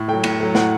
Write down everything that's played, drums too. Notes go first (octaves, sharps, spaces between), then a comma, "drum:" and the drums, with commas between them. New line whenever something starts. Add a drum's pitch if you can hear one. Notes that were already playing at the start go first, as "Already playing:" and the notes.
Already playing: A2
F#3 A3 G5
A2, drum: cymbal
F#3 A3
A2 F#5, drum: snare